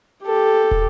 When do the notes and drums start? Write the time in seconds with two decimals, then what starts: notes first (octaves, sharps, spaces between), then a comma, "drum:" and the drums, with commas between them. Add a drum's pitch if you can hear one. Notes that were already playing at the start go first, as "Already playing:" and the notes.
0.24 G4 A4
0.71 drum: kick